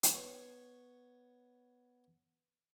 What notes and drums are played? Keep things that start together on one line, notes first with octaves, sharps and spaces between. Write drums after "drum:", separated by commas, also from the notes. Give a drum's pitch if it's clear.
drum: hi-hat
B3 C#5